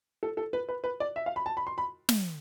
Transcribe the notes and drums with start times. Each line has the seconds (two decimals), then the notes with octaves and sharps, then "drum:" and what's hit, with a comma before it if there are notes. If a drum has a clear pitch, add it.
0.23 A4
0.37 A4
0.53 B4
0.69 B4
0.84 B4
1.00 D5
1.16 E5
1.26 F5
1.36 B5
1.46 A5
1.57 B5
1.67 C6
1.78 B5
2.09 drum: snare